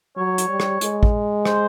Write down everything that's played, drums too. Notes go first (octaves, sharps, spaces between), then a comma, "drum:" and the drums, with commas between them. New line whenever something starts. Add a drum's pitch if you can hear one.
F#3 C#5
drum: hi-hat
G3
drum: rim click
G#3, drum: hi-hat
drum: kick A1
C5, drum: rim click